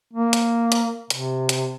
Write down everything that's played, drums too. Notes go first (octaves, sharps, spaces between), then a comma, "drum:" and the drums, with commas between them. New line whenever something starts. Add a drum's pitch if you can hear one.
A#3
drum: hi-hat
drum: hi-hat
C3, drum: hi-hat
drum: hi-hat